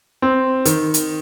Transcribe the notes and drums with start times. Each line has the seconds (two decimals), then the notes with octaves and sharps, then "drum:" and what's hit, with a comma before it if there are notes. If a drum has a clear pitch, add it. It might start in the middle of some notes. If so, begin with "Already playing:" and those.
0.22 C4
0.65 D#3, drum: hi-hat
0.94 drum: hi-hat